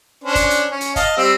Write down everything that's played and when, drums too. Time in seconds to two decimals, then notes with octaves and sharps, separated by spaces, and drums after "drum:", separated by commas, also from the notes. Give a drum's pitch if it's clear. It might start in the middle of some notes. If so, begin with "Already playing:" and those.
0.24 C#4 D4 C5
0.35 drum: kick, hi-hat
0.50 drum: hi-hat
0.71 C#4
0.81 drum: hi-hat
0.96 D#5 F5 A5, drum: kick, hi-hat
1.17 G3 C4 E6